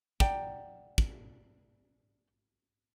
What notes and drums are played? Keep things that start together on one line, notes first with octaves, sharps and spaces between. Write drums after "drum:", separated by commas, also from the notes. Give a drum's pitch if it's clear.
D5 F#5 G5 A#5, drum: kick
drum: kick